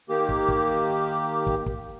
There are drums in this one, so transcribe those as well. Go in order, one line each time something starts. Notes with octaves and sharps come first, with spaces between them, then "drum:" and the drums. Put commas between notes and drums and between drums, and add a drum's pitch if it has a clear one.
D#3 A#3 G4
drum: kick
drum: kick
drum: kick
drum: kick